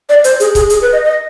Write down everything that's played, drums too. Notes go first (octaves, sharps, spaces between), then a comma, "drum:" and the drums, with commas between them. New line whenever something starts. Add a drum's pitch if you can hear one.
D5
C5, drum: hi-hat
G#4, drum: hi-hat
G#4, drum: kick C#1, hi-hat
G#4, drum: hi-hat
B4
D#5
D#5